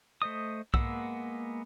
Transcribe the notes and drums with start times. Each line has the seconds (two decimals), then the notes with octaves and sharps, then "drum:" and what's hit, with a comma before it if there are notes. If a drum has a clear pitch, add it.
0.22 A3 C5 D#5 D#6
0.74 G#3 A#3 B3 F#5 E6, drum: kick B1